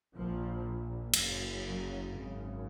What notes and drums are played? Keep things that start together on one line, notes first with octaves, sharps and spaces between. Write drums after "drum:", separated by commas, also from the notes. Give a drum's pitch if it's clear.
A#1 A#2 F3
F#1 F#2 C#3, drum: cymbal
F#3
G#1 F#2 C#3